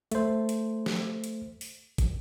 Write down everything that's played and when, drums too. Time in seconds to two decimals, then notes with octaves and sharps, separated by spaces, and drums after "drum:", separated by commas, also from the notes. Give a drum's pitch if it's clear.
0.11 A3 C5, drum: hi-hat
0.49 drum: hi-hat
0.86 drum: snare
1.24 drum: hi-hat
1.61 drum: open hi-hat
1.98 drum: kick, hi-hat